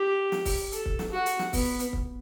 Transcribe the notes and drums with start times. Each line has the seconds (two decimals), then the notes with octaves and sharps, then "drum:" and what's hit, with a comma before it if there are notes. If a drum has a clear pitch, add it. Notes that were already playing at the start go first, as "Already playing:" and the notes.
Already playing: G4
0.32 drum: snare
0.45 drum: kick C#1, open hi-hat
0.72 A4, drum: hi-hat
0.86 drum: kick C#1
0.99 drum: snare
1.12 F#4
1.26 drum: hi-hat
1.39 drum: snare
1.53 B3, drum: kick C#1, open hi-hat
1.79 drum: hi-hat
1.93 drum: kick C#1